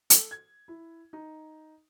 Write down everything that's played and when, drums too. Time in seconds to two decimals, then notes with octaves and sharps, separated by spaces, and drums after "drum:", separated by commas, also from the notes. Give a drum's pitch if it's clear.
0.10 A4, drum: hi-hat
0.31 G#6
0.68 E4
1.13 D#4